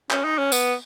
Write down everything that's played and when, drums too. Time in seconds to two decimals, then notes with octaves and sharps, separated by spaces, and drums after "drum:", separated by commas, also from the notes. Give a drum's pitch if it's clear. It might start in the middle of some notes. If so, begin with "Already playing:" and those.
0.11 C#4, drum: clap
0.24 D#4
0.38 C#4
0.52 B3, drum: tambourine